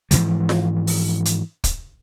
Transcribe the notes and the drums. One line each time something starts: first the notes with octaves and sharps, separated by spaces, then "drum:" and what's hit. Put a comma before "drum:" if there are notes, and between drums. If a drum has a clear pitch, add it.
G#2 C#3 E3 F3, drum: hi-hat
drum: snare F4
drum: open hi-hat
drum: hi-hat
drum: kick, hi-hat